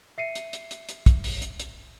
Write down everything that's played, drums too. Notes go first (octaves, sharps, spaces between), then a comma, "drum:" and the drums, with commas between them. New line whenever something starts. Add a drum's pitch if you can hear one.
E5 C7 C#7 D#7
drum: hi-hat
drum: hi-hat
drum: hi-hat
drum: hi-hat
drum: kick, hi-hat
drum: open hi-hat
drum: hi-hat
drum: hi-hat